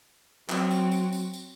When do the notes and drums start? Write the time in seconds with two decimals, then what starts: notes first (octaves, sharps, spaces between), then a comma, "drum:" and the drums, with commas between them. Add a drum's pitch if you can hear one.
0.50 F#3 C4, drum: clap
0.71 drum: tambourine
0.92 drum: tambourine
1.12 drum: tambourine
1.33 drum: tambourine